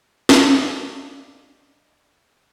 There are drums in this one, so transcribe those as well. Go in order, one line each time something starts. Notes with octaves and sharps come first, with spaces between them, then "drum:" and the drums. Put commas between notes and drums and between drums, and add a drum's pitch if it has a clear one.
D4 D#4 F5, drum: snare